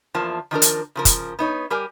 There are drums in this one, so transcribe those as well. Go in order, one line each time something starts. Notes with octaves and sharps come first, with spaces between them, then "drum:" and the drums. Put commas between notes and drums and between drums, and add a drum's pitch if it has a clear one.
E2 F3 A#3 A5
D#3 F3 D4 A#4
drum: hi-hat
C#3 F3 A#4
drum: kick, hi-hat
B3 D#4 C#5
G3 G4 A#4 G#5